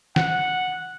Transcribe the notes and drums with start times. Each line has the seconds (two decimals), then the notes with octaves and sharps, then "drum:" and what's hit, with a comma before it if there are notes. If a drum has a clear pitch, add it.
0.16 F#5, drum: snare